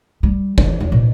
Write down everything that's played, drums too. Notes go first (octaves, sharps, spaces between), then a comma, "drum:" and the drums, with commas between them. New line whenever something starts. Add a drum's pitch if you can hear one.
G3
E3, drum: kick F#1
E2
A#2